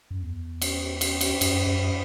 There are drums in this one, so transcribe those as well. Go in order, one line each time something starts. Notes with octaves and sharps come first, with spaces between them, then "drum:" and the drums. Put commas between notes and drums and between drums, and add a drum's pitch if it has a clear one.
F#2
E2
drum: cymbal
drum: cymbal
drum: cymbal
F#2, drum: cymbal
F#2